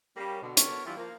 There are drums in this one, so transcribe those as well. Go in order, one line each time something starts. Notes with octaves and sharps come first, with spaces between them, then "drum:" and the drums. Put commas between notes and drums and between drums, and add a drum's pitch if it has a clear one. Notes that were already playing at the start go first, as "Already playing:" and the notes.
G3 A#3 C#4
B2 D3
B3 D4 F#4 A4 A#4 C#5, drum: hi-hat
E3 F3 G3 D4 E4 F4
F3 A#3